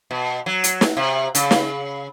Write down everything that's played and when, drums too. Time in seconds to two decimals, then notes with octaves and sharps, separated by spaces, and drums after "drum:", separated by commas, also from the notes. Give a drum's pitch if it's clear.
0.11 B2
0.46 F#3
0.64 drum: hi-hat
0.81 drum: snare
0.97 C3
1.35 C#3, drum: hi-hat
1.51 drum: snare